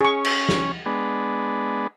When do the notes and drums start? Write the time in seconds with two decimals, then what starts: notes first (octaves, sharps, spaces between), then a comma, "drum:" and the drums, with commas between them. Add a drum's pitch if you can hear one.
0.01 C#4 G#4 C#6
0.25 drum: cymbal
0.49 drum: snare
0.86 G#3 B3 D4